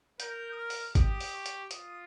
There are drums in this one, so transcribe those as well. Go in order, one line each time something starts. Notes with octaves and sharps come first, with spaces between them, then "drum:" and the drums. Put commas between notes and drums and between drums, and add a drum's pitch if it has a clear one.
A#4 G6, drum: hi-hat
D#6
F6
drum: open hi-hat
G4 D#6, drum: kick G#1, hi-hat
drum: open hi-hat
C#6
drum: hi-hat
F4 D#6, drum: hi-hat